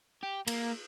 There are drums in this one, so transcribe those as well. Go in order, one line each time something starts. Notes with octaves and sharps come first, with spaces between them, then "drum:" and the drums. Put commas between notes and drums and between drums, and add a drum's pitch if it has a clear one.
G4
A#3, drum: cymbal